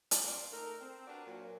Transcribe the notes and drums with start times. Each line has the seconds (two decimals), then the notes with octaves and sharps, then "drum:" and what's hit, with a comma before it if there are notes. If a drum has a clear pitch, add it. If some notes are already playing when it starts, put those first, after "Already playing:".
0.11 drum: hi-hat
0.23 C4 F4 C5 D5
0.51 A3 D#4 A4 A#4
0.80 C4
1.07 D4 F#4 G4 A#4 B4 D5
1.26 A#2 F#3